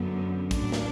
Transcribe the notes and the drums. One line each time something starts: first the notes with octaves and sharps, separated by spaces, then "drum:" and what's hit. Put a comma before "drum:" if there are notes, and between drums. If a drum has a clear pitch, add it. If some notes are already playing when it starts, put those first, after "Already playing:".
Already playing: F#2 D3 F#3 B3
A2 F#3 D4, drum: kick, hi-hat
drum: snare